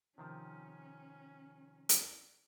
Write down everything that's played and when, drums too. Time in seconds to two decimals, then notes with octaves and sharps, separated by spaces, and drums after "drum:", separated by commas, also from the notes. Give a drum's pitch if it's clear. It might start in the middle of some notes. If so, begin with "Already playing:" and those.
0.18 C3 D#3 F3 C#4
1.89 drum: hi-hat